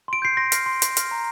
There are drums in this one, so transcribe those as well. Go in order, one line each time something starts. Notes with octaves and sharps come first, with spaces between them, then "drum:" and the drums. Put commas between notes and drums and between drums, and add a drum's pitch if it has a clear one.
C6 D7
G6 C7
C6 A#6
F6, drum: hi-hat
C6
C6, drum: hi-hat
F6, drum: hi-hat
A#5